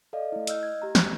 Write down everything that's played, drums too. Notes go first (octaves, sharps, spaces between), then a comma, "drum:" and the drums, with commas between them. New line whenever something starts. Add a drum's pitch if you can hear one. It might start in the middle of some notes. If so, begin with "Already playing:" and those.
A4 D5 D#5 F5
A3 E4
D#5 E6 F6 G6, drum: hi-hat
G#6
G4 A#5
G#6, drum: snare